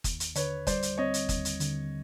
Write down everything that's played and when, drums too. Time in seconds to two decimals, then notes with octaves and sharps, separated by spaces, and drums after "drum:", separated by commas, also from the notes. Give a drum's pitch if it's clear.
0.04 D#2, drum: kick, hi-hat
0.20 drum: hi-hat
0.35 D3 B4 C#5, drum: hi-hat
0.67 G3 C5 D5, drum: kick, hi-hat
0.82 drum: hi-hat
0.98 C4 C#5 D#5
1.14 drum: hi-hat
1.29 D#2, drum: kick, hi-hat
1.45 drum: hi-hat
1.60 D3, drum: hi-hat